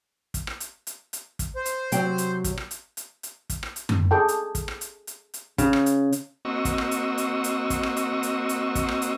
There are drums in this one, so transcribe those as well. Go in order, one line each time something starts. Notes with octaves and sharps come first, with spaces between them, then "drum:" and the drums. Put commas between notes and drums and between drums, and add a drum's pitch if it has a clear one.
drum: kick, hi-hat
drum: rim click
drum: hi-hat
drum: hi-hat
drum: hi-hat
drum: kick, hi-hat
C5
drum: hi-hat
C3 F#3 G5, drum: hi-hat
drum: hi-hat
drum: kick, hi-hat
drum: rim click
drum: hi-hat
drum: hi-hat
drum: hi-hat
drum: kick, hi-hat
drum: rim click
drum: hi-hat
drum: tom F#2
G#4 A4 G5
drum: hi-hat
drum: kick, hi-hat
drum: rim click
drum: hi-hat
drum: hi-hat
drum: hi-hat
C#3, drum: kick, hi-hat
drum: rim click
drum: hi-hat
drum: hi-hat
A#3 C4 F#4 D#5 C#6 E6
drum: kick, hi-hat
drum: rim click
drum: hi-hat
drum: hi-hat
drum: hi-hat
drum: kick, hi-hat
drum: rim click
drum: hi-hat
drum: hi-hat
drum: hi-hat
drum: kick, hi-hat
drum: rim click
drum: hi-hat